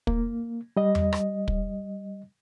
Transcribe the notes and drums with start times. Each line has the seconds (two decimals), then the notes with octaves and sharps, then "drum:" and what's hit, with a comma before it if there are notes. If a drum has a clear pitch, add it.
0.07 A#3, drum: kick
0.77 G3 D#5
0.95 drum: tom E2
1.13 drum: rim click
1.48 drum: kick